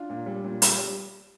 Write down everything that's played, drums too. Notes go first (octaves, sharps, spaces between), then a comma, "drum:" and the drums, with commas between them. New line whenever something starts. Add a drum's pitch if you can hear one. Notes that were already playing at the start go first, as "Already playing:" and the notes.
Already playing: D4 F4
A#2
G3
A#2
G3, drum: hi-hat
G3